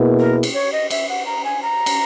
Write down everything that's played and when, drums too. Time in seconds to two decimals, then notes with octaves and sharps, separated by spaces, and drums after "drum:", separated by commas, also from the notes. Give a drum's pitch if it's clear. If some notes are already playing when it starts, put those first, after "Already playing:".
Already playing: B2 A#3 E4 G#4 B4
0.19 A#4
0.43 drum: cymbal
0.54 C#5
0.73 D#5
0.90 E5, drum: cymbal
1.09 F#5
1.26 A#5
1.44 G#5
1.63 A#5
1.86 drum: cymbal